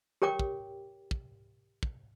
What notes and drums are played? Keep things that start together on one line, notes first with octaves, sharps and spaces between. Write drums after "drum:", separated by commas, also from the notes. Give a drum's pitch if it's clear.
G4 A#4 C#5 G5 D6
drum: kick
drum: kick
drum: kick